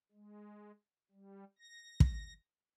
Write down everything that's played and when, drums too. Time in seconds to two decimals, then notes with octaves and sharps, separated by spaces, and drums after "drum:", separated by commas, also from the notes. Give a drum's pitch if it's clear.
0.12 G#3
1.11 G3
1.59 A#6
2.00 drum: kick